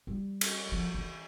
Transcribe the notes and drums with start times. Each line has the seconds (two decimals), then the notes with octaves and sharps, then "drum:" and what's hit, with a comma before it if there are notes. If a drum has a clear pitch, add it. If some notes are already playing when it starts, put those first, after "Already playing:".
0.07 G3
0.41 drum: cymbal
0.72 F3
0.94 E3